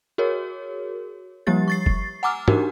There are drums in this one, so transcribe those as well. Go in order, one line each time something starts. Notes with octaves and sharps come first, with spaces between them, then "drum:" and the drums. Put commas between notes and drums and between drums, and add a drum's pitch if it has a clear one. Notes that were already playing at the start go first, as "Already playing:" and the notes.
F#4 G#4 A#4 C#5
F3 G3 A#3 G4 A6
C#6 A6 C7
drum: kick
F#5 G#5 A#5 D6 E6 F6
D4 D#4 F#4 G4 A#4, drum: tom